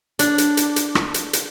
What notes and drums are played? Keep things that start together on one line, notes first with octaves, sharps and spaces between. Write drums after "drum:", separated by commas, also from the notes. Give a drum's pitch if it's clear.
D4, drum: hi-hat
drum: hi-hat
drum: hi-hat
drum: hi-hat
drum: rim click
drum: hi-hat
drum: hi-hat